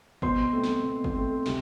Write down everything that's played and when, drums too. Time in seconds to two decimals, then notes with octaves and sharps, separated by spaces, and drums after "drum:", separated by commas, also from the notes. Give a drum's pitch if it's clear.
0.22 B2 C5 C6, drum: kick
0.53 A3 C4
0.64 drum: snare
0.85 B2
1.04 drum: kick
1.14 A3 C4
1.46 C3, drum: snare